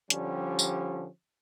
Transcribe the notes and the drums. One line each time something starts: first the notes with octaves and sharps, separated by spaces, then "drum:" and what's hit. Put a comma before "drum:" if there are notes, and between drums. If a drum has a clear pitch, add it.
D3 F3 G3 C#4 G4, drum: hi-hat
drum: tambourine